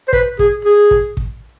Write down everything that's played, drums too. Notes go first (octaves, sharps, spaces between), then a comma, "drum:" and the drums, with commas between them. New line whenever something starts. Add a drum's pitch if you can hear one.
C5
B4, drum: kick
G#4, drum: kick
G#4
drum: kick
drum: kick